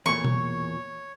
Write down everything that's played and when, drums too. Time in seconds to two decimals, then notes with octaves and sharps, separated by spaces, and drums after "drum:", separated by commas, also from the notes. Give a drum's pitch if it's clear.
0.06 E2 A#2 C#5 C#6
0.24 drum: tom B2